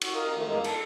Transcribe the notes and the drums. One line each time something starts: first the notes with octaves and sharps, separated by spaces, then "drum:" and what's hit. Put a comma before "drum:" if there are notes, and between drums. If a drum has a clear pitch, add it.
F#4, drum: cymbal
A#4 D#5 F5
D#3 F3 A3
E2 G2 G#3 A#3 D#4
A4, drum: cymbal